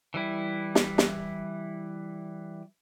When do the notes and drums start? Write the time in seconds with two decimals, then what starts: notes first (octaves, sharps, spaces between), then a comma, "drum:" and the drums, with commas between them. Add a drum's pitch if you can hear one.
0.14 E3 G3 E4
0.75 drum: snare
0.98 drum: snare